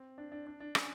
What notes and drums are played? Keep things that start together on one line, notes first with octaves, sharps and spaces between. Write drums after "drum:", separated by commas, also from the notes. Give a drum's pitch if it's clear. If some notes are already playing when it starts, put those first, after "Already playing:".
Already playing: C4
D4
D4
D4
D4
C#4, drum: rim click